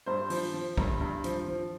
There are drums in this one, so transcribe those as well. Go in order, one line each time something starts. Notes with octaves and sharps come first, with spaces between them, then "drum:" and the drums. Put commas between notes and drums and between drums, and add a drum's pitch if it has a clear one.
G2 C5
F3, drum: open hi-hat
F3
G2, drum: kick
G2
F3, drum: hi-hat
F3